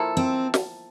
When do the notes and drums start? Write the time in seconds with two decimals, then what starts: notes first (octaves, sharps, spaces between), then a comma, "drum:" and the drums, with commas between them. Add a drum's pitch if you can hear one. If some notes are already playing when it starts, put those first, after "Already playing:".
Already playing: F3 A#3 E4 A4
0.17 C4
0.54 drum: snare